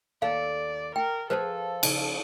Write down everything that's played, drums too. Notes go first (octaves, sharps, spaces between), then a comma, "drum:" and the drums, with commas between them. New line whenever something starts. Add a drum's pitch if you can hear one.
D#2 A4 D5 F5
A#4 G5
F3 G#4 A4 B4 C5 A5
C#3 F3, drum: cymbal